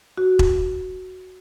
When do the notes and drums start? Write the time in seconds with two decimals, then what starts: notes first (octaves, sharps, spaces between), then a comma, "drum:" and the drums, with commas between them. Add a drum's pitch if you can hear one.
0.18 F#4
0.39 drum: kick E1